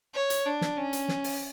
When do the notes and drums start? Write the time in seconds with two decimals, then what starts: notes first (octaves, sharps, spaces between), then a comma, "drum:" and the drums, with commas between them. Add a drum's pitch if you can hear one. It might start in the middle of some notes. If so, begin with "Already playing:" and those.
0.14 C#5
0.30 drum: hi-hat
0.46 D4
0.61 drum: snare
0.77 C#4
0.93 drum: hi-hat
1.08 drum: snare
1.24 drum: open hi-hat